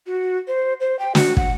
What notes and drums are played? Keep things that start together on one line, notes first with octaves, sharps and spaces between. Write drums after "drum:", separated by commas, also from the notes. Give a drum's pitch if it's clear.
F#4
C5
C5
G5
F#4, drum: snare
F#5, drum: kick